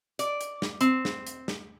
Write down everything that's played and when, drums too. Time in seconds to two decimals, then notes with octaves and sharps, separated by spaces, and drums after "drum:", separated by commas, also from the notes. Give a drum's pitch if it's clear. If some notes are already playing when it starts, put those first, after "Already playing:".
0.19 D5, drum: hi-hat
0.41 drum: hi-hat
0.62 drum: snare
0.81 C4, drum: hi-hat
1.05 drum: snare
1.27 drum: hi-hat
1.48 drum: snare